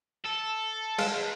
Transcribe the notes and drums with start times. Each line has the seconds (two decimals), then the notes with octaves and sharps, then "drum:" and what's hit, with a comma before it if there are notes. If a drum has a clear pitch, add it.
0.24 A4
0.98 G#3 F5, drum: cymbal